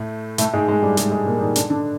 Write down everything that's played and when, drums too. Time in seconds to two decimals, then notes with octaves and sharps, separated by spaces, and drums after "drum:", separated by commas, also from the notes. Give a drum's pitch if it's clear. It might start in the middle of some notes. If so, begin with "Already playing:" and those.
Already playing: A2 A3
0.38 A2 A3, drum: hi-hat
0.53 G#2 G#3
0.68 G#2 G#3
0.82 G2 G3
0.97 G#2 G#3, drum: hi-hat
1.11 G#2 G#3
1.26 A#2 A#3
1.41 D#3 D#4
1.56 D3 D4, drum: hi-hat
1.70 D3 D4